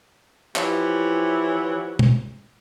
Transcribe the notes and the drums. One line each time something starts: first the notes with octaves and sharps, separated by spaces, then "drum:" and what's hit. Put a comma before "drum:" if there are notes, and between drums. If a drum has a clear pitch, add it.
E3 F3 E4 G4 C#5 F#5, drum: clap
drum: tom